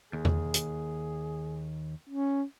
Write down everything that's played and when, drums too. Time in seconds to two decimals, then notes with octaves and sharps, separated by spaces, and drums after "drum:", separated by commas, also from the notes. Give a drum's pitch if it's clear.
0.13 D#2 G#4
0.25 drum: tom E2
0.54 drum: hi-hat
2.09 C#4